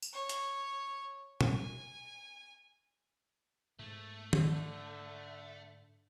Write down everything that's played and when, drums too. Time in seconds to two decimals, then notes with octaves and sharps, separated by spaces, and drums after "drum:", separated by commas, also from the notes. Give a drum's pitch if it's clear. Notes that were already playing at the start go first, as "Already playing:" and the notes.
0.02 drum: tambourine
0.13 C#5
0.29 drum: hi-hat
1.41 G#5, drum: tom
3.79 G#2 A3
4.33 D3, drum: tom